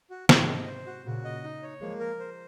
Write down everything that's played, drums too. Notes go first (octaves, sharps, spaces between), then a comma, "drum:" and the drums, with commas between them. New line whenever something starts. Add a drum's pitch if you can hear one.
F#4
G#2 C3 F#4, drum: snare
D#5
C5
F#4
A#2 C#3 F#4
D#5
D#4
C#5
F3 G#3 A#3
A#4
C5